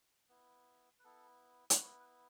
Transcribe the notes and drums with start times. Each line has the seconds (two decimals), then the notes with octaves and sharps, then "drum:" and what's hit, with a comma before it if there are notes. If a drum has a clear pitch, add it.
0.29 B3 E4
0.99 B4
1.04 B3 E4 A4
1.70 B4, drum: hi-hat
1.80 B3 E4 C#5
1.99 B4